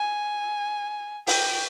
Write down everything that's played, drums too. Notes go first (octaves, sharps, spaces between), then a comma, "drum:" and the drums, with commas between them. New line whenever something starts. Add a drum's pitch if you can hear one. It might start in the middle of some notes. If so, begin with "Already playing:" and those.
Already playing: G#5
G5, drum: open hi-hat